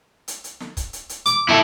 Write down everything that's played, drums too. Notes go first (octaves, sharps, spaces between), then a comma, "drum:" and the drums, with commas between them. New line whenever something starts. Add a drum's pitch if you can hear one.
drum: hi-hat
drum: hi-hat
drum: snare
drum: kick C#1, hi-hat
drum: hi-hat
drum: hi-hat
D6, drum: hi-hat
E4 A4